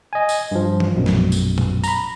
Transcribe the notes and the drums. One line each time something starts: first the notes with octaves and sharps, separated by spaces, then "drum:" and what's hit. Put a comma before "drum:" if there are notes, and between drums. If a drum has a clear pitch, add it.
D#5 G#5
drum: tambourine
G2 F3
drum: tom
A#1 F#2 B2
drum: snare
drum: tambourine
drum: tom
A#5 B5, drum: tambourine